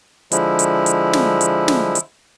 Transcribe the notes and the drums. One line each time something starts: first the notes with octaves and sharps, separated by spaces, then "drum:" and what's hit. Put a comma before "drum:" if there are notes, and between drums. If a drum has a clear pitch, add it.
D3 F3 G#3 E4, drum: hi-hat
drum: hi-hat
drum: hi-hat
drum: snare
drum: hi-hat
drum: snare
drum: hi-hat